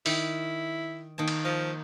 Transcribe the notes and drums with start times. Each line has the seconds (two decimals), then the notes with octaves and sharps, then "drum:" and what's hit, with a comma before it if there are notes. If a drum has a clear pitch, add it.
0.06 D#3 E4, drum: open hi-hat
1.18 D#3 A#3 A5
1.28 drum: cymbal
1.45 F3 D#5